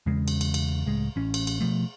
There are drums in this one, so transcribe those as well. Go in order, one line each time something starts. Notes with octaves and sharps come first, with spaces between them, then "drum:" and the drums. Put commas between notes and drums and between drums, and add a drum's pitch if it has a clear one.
E2 C#3 G#3
drum: cymbal
drum: cymbal
drum: cymbal
C#2 A2 G#3
A1 C#4
drum: cymbal
drum: cymbal
B2 F3 A3